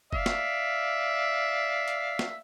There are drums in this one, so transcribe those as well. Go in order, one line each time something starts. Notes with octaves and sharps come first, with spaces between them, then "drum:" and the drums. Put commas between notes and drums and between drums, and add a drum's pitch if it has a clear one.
D5 E5 F5, drum: kick F1
drum: snare
drum: hi-hat
drum: snare